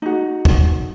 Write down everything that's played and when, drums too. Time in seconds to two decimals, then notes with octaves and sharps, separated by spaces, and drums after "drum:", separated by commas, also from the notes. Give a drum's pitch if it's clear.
0.02 D#4 F#4
0.45 drum: kick